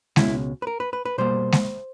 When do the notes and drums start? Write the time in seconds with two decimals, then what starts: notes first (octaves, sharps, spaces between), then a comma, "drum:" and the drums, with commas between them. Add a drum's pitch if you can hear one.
0.16 C#2 B2 G#3 C#4 E4, drum: snare G#3
0.62 B4
0.67 A#4
0.80 B4
0.93 B4
1.05 B4
1.18 B2 G3 A#3 C5
1.52 drum: snare G#3